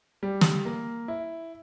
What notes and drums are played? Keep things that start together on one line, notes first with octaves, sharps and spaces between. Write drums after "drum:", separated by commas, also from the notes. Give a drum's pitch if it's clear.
G3
drum: snare
A#3
E4